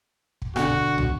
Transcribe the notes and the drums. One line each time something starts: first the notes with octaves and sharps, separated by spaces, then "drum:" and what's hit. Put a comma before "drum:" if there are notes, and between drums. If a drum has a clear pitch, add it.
drum: kick
B2 D3 F#4, drum: rim click
drum: kick
drum: tom